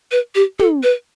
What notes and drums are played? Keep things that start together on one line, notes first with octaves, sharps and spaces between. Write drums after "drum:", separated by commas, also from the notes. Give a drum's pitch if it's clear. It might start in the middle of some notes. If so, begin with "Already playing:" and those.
B4
G4
A4, drum: tom
B4